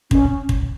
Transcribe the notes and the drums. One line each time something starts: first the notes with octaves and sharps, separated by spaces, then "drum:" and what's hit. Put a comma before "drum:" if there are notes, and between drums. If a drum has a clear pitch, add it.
C#4, drum: kick
drum: kick